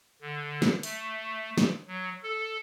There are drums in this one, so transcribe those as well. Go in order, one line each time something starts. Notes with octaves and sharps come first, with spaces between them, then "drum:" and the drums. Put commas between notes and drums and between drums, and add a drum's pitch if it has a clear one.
D3
drum: snare
A3, drum: open hi-hat
drum: snare
F#3
A4